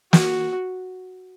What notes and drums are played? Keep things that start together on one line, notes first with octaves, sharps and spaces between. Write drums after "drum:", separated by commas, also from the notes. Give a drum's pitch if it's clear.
F#4, drum: snare